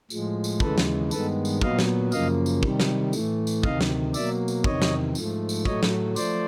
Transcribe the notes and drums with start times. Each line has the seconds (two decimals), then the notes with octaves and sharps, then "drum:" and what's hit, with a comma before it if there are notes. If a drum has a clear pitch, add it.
0.10 A2 F3 G#3, drum: tambourine
0.44 drum: tambourine
0.60 D#2 C#3 E3 G#3 A4 B4, drum: kick
0.78 drum: snare
1.11 G2 D#3 G#3 B3 A4 B4, drum: tambourine
1.45 drum: tambourine
1.61 A#2 F#3 B3 D#5 F5, drum: kick
1.79 drum: snare
2.12 F#2 C#3 F3 A#3 D#5 F5, drum: tambourine
2.46 drum: tambourine
2.63 C3 D#3 G3, drum: kick
2.80 drum: snare
3.13 A2 E3 A3, drum: tambourine
3.47 drum: tambourine
3.63 D2 C3 D#3 D#5 F5, drum: kick
3.81 drum: snare
4.14 B2 F#3 A#3 D5 E5, drum: tambourine
4.48 drum: tambourine
4.64 E2 C3 D#3 C#5 D#5, drum: kick
4.82 drum: snare
5.15 G#2 F3 A3, drum: tambourine
5.49 drum: tambourine
5.65 A2 F#3 A3 C#5 D#5, drum: kick
5.83 drum: snare
6.16 F3 A3 C5 D5, drum: tambourine